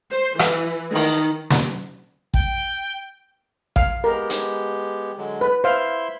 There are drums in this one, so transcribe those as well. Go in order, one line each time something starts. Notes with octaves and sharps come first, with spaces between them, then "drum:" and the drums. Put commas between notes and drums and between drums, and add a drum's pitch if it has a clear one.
C5
E3, drum: rim click
D#3, drum: open hi-hat
drum: snare
G5, drum: kick
F5, drum: kick
G#3 B3 G4 A#4
drum: hi-hat
D3 F#3 G#3
B4
E4 C5 E5 F5 C6